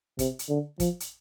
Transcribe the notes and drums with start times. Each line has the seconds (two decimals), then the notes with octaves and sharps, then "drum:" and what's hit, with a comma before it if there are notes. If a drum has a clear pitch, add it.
0.19 C3, drum: kick, hi-hat
0.39 drum: hi-hat
0.49 D3
0.80 F3, drum: kick, hi-hat
1.00 drum: hi-hat